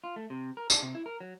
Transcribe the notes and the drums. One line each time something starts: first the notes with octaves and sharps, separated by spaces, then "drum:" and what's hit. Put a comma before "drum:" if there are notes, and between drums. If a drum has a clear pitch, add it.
F4
A3
C3
A#4
D4, drum: tambourine
C3
E4
A#4
F#3